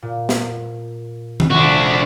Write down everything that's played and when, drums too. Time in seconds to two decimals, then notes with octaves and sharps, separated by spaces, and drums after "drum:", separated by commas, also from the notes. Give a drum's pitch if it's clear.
0.02 A#2
0.29 drum: snare
1.40 drum: tom D#3
1.50 F1 D4 F#4